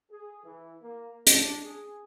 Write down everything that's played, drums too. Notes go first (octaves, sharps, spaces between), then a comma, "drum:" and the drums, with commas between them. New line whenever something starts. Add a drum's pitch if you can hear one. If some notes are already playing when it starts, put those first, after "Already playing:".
G#4
E3
A#3
D4, drum: hi-hat
G#4